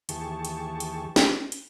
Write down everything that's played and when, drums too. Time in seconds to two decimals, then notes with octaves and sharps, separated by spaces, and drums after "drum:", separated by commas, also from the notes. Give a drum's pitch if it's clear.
0.09 D#2 E3 G4 G#4 A5 C#6, drum: hi-hat
0.45 drum: hi-hat
0.80 drum: hi-hat
1.16 drum: snare
1.52 drum: hi-hat